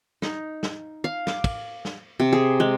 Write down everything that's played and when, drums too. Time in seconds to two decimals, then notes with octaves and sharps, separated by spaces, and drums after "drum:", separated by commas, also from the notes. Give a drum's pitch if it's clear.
0.22 D#4, drum: snare
0.63 drum: snare
1.04 F5
1.27 D6, drum: snare
1.44 drum: kick, cymbal
1.85 drum: snare
2.20 C3
2.33 G#4
2.60 G#3